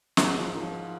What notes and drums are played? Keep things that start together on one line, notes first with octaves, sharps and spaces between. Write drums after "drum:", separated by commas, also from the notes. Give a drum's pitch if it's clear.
G#2 F#3, drum: snare
F3
D#3
F3